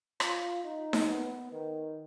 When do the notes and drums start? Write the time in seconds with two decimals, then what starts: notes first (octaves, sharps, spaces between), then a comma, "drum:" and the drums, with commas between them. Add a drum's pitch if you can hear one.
0.20 F4, drum: rim click
0.64 D#4
0.93 drum: snare D#4
1.08 B3
1.52 D#3